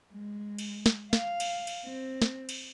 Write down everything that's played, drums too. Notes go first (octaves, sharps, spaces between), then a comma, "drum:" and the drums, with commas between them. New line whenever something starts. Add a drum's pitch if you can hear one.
G#3
drum: cymbal
drum: snare
F5, drum: snare
drum: cymbal
drum: cymbal
C4
drum: snare
drum: cymbal